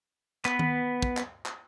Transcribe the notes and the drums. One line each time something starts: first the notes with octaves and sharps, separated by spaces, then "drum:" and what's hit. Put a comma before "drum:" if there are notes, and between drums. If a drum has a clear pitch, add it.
B3 B4, drum: clap
drum: tom D#3
drum: kick
drum: clap
drum: clap